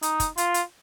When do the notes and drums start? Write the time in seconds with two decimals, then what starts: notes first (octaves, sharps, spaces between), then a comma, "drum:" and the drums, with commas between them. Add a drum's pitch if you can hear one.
0.03 D#4, drum: hi-hat
0.20 drum: kick, hi-hat
0.38 F4, drum: hi-hat
0.54 drum: hi-hat